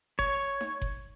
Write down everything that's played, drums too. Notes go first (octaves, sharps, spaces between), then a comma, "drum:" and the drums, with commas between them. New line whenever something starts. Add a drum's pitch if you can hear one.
C#5, drum: kick F#1
drum: snare D#4
drum: kick F#1